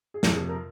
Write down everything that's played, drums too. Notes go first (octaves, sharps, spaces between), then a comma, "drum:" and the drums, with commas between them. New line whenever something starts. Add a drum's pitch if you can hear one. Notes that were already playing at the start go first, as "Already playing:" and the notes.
G#4
F2 C3 F3 A#4, drum: snare
G#4
A#4